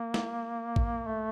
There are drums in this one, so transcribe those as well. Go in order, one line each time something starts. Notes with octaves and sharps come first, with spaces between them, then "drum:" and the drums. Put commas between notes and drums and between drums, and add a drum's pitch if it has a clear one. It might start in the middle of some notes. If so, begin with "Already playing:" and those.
Already playing: A#3
drum: snare
drum: kick
A3